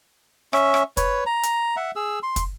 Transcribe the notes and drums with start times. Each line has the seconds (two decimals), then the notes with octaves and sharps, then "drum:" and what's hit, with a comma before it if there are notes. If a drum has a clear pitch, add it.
0.53 C#4 E5, drum: rim click
0.74 drum: rim click
0.97 B4 C#5, drum: kick, hi-hat
1.26 A#5
1.43 drum: hi-hat
1.77 E5 F#5
1.96 G#4 E6
2.23 C6
2.36 drum: kick, hi-hat